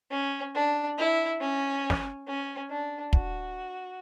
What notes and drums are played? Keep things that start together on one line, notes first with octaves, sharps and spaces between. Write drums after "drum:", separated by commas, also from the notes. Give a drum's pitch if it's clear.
C#4
D4
E4
C#4
drum: snare
C#4
D4
F#4, drum: kick